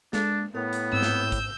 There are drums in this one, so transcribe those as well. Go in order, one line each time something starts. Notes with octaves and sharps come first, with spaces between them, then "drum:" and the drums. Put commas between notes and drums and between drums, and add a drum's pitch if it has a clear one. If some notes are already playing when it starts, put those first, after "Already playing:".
G#3 D4 A4, drum: snare
A2 B3 A#4
drum: hi-hat
G#2 C4 E6 G6
drum: snare
drum: kick G#1, hi-hat